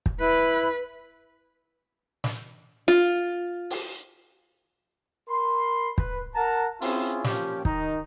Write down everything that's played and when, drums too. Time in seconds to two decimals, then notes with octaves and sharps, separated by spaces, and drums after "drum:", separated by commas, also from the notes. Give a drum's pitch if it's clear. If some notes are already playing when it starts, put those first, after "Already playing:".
0.06 drum: kick
0.20 E4 B4 F#6
2.24 drum: snare
2.88 F4
3.70 drum: open hi-hat
5.28 A#4 B5 C6
5.98 B4, drum: kick
6.35 A#4 F#5 A5 A#5
6.82 C4 C#4 E4 F4 G#4, drum: open hi-hat
7.24 A#2 F3 C#4 G4, drum: snare
7.65 D#3 D#4, drum: kick